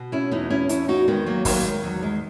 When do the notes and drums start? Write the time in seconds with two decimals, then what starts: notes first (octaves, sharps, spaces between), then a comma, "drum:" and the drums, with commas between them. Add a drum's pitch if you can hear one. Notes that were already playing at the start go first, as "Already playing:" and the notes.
Already playing: B2
0.12 C#4 E4
0.31 E2 B3 D#4
0.50 C#4 E4
0.69 E2 C#4 E4, drum: hi-hat
0.88 D#4 F#4
1.08 D#3 G#3 B3
1.26 F#3 A#3
1.45 D#3 F#3 A#3, drum: kick, open hi-hat
1.65 G#3
1.83 E2 F#3
2.02 G#3